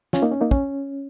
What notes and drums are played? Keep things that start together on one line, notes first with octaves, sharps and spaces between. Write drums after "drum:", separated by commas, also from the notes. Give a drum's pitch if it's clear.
C#4 F4, drum: snare
A#3 D#4
C#4
A#3 D#4
C#4, drum: kick